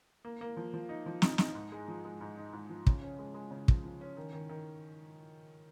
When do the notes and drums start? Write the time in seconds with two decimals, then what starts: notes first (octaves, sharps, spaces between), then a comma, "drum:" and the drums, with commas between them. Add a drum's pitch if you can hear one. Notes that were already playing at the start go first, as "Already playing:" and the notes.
0.25 A#3
0.41 A#3
0.57 F3
0.74 F3
0.89 D#4
1.06 F3
1.22 D#4, drum: snare
1.38 D#4, drum: snare
1.55 G#2
1.72 G#3
1.88 F3
2.05 G#3
2.21 G#2
2.37 D#4
2.53 G#2
2.70 F3
2.87 C#3, drum: kick
3.02 C#4
3.19 G#3
3.34 G#3
3.51 C#3
3.68 F3, drum: kick
3.84 F3
4.01 C#4
4.17 D#3
4.33 D#3
4.49 D#3